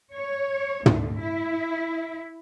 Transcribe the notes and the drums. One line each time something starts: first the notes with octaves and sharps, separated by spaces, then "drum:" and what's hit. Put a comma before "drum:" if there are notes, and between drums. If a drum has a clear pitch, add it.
C#5
D2, drum: tom
E4